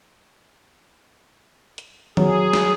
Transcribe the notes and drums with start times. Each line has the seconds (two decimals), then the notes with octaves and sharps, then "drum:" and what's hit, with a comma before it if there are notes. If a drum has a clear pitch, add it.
1.78 drum: hi-hat
2.17 F#3 G#4, drum: tom
2.53 drum: snare